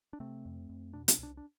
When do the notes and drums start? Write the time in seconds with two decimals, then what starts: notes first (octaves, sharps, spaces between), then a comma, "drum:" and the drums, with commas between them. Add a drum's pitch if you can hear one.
0.13 D4
0.20 C3 A3 C4
0.45 F2
0.69 F2
0.93 B2 D4
1.08 D4, drum: hi-hat
1.18 C2 D4
1.37 D4